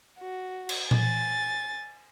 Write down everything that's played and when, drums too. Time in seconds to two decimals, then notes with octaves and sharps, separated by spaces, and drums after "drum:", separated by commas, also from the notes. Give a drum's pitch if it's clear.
0.20 F#4
0.69 drum: cymbal
0.91 G#5 A6, drum: tom A#2